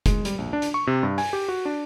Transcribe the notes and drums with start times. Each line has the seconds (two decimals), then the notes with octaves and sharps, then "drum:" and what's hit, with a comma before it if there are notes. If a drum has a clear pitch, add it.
0.06 G#3, drum: kick F1, hi-hat
0.25 G3, drum: hi-hat
0.38 A#1
0.53 D4
0.62 drum: hi-hat
0.74 C#6
0.87 C3
1.03 G2
1.18 G#5, drum: open hi-hat
1.33 G4
1.48 F#4
1.65 D4